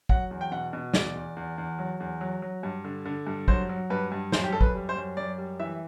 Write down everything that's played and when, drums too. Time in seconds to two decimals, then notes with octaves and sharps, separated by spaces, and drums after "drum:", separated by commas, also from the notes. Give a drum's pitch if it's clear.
0.09 F#3 F#5, drum: kick
0.31 E2
0.41 G5
0.52 B2 F#5
0.73 B2
0.94 E2 D5, drum: snare
1.15 E2
1.37 E2
1.58 E2
1.79 F#3
2.00 E2
2.21 F#3
2.42 F#3
2.63 G2
2.84 D3
3.05 D3
3.27 G2
3.48 F#3 C5, drum: kick
3.69 F#3
3.90 G2 B4
4.12 G2
4.32 F#2 C5, drum: snare
4.44 G4
4.52 F#2 A4
4.61 B4, drum: kick
4.75 G3
4.89 C5
4.96 F#2
5.17 F#2 D5
5.38 G3
5.59 E3 E5